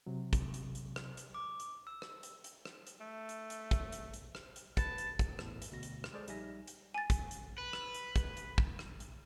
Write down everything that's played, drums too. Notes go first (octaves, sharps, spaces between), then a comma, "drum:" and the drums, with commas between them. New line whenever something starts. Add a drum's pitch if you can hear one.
C3 F#3
drum: kick, hi-hat
drum: hi-hat
drum: hi-hat
drum: rim click
drum: hi-hat
D6
drum: hi-hat
E6
drum: rim click
drum: hi-hat
drum: hi-hat
drum: rim click
drum: hi-hat
A3
drum: hi-hat
drum: hi-hat
drum: kick, hi-hat
drum: hi-hat
drum: hi-hat
drum: rim click
drum: hi-hat
B4 A5, drum: kick, hi-hat
drum: hi-hat
drum: kick, hi-hat
E2 A2, drum: rim click
drum: hi-hat
D2 B2 A#6
drum: hi-hat
drum: rim click
G#3 G#4 A4 C5 D5
A#1 G3 D#4 E5 G#5 A#6, drum: hi-hat
drum: hi-hat
G#5 A6
drum: kick, hi-hat
drum: hi-hat
B4
drum: rim click
drum: hi-hat
drum: kick, hi-hat
drum: hi-hat
drum: kick
drum: rim click
drum: hi-hat